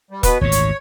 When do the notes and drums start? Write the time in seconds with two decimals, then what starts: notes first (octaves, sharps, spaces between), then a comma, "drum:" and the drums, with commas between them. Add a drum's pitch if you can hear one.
0.11 G3
0.23 B2 B3 B4, drum: kick E1, hi-hat
0.41 G#1 D2 A#2 C#5
0.52 drum: hi-hat